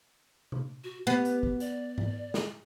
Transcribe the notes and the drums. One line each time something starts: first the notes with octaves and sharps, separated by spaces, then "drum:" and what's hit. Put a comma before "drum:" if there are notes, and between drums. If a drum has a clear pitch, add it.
drum: tom C3
F#4
B3 G4
drum: hi-hat
drum: kick
D5, drum: hi-hat
drum: tom G#2
drum: snare